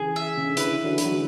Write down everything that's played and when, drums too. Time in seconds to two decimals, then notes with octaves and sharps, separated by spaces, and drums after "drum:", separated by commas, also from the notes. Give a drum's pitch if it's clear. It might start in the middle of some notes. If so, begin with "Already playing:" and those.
Already playing: C#3 E3 G#4
0.16 E5
0.38 C#3
0.47 D3
0.57 C#3 E3 B4, drum: hi-hat
0.84 D3 F#3
0.98 B4, drum: hi-hat
1.05 F#3
1.12 E3 G#3